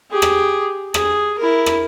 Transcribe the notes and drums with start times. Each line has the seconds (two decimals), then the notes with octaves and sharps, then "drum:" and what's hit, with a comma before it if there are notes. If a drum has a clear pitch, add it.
0.11 G4 G#4
0.22 drum: rim click
0.94 G#4, drum: rim click
1.39 E4 A#4
1.66 drum: rim click